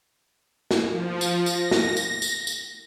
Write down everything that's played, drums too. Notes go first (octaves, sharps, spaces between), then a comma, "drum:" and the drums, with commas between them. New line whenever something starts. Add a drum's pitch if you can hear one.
drum: snare
F3
drum: tambourine
A#6, drum: tambourine
drum: snare
drum: tambourine
drum: tambourine
drum: tambourine